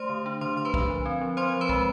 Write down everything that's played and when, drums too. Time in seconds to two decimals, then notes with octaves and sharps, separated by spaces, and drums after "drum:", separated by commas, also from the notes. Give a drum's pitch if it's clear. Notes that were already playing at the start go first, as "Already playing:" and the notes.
Already playing: A3 C5 C6
0.09 D3
0.26 D4
0.41 D3 C5 C6
0.57 D3 C6
0.65 B4 B5
0.74 D3, drum: kick
0.89 F3
1.06 C4
1.21 F3
1.37 C4 C5 C6
1.53 F3
1.61 B4 B5
1.69 G#3, drum: kick